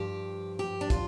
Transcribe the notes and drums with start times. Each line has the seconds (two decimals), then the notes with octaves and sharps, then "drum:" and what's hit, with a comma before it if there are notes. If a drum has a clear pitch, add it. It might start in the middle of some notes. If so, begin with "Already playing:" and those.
Already playing: G2 F3 G4
0.59 G4
0.81 D4
0.90 F4, drum: kick, hi-hat